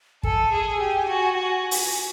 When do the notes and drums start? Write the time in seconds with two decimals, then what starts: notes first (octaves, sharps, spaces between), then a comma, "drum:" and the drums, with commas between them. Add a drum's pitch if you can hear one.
0.23 A4 G#5, drum: kick
0.52 G#4
0.79 G4
1.08 F#4
1.36 F#4
1.71 drum: open hi-hat